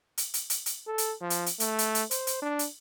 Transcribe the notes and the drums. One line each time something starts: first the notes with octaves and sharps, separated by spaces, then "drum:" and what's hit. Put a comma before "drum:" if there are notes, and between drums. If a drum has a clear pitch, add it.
drum: hi-hat
drum: hi-hat
drum: hi-hat
drum: hi-hat
A4
drum: hi-hat
F3
drum: hi-hat
drum: hi-hat
A3, drum: hi-hat
drum: hi-hat
drum: hi-hat
C5, drum: hi-hat
drum: hi-hat
D4
drum: hi-hat